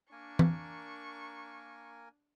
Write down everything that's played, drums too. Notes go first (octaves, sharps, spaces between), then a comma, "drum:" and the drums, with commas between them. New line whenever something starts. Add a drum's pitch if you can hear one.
A#3 D4 A#4 G#5 C#6
drum: tom E3